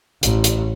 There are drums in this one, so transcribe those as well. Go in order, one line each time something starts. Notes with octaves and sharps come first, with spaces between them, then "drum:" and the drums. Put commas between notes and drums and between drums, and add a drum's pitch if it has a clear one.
A1, drum: hi-hat
drum: hi-hat